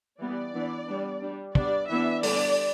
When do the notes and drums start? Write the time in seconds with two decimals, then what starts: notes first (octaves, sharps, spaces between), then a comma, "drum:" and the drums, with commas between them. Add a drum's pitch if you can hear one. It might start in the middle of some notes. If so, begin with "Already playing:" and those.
0.20 E3 G3 B3 D5
0.54 E3 B3 D4
0.88 G3 B3 D4
1.21 G3 D4
1.55 G3 B3 D4 D5, drum: kick
1.89 E3 B3 D4 E5
2.23 D3 G3 B3 D5, drum: open hi-hat